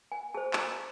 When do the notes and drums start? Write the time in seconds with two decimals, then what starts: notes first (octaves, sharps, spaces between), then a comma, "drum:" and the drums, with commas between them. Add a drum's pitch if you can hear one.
0.12 G#5
0.34 G#4 C5 A5
0.53 A5, drum: clap
0.59 A#5